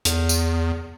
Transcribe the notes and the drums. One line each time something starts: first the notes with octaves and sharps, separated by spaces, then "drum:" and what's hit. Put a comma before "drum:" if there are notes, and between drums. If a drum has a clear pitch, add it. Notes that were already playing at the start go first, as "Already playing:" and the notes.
E2, drum: hi-hat
drum: tambourine